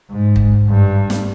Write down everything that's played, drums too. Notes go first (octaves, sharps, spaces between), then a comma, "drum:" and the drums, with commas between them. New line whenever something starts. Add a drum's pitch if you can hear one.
G#2
drum: kick
G2
drum: snare